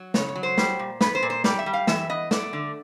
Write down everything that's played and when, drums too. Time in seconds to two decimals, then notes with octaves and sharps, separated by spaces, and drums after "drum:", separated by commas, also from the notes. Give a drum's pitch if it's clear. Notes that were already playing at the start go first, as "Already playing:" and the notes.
Already playing: F#3
0.14 C#3 C#5, drum: snare
0.28 C#5
0.35 F#3
0.43 C5
0.58 G3, drum: snare
0.79 A#2
1.01 B3 B4, drum: snare
1.15 C5
1.23 A#2
1.30 C5
1.44 G3 D5, drum: snare
1.59 E5
1.66 G3
1.73 F5
1.87 E3 E5, drum: snare
2.09 B3 D#5
2.31 A3 D5, drum: snare
2.53 D3